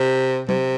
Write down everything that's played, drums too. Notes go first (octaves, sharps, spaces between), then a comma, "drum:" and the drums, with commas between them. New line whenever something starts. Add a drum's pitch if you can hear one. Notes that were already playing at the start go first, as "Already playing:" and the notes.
Already playing: C3
C3, drum: tom F#3